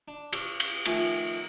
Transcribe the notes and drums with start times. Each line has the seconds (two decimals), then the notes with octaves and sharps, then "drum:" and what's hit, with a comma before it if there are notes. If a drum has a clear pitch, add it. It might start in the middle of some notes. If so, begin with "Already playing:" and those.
0.08 D4
0.33 G4 C5 C#5, drum: cymbal
0.60 drum: cymbal
0.85 D#3 F3 A3 C#4 F4 G#4, drum: cymbal